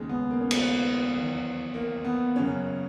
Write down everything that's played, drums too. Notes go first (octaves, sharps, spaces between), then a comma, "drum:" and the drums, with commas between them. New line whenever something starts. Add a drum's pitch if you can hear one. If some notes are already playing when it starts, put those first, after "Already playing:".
Already playing: D#2 C#3 G#3
B3
A#3
C#4
B3, drum: cymbal
E2 D#3 F#3
A#3
B3
F#2 C#3 F#3 A#3 C#4